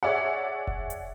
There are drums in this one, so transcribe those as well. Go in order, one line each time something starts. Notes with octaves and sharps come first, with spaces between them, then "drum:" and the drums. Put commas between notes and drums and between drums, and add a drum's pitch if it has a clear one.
G#4 C#5 D5 E5 F#5
drum: kick F1
drum: hi-hat